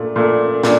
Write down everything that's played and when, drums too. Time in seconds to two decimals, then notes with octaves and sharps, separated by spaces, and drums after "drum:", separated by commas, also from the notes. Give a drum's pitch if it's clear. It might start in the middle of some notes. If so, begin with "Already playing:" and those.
Already playing: A#2 A3 D4
0.16 A#2 A3 D4
0.63 A#2 D4, drum: snare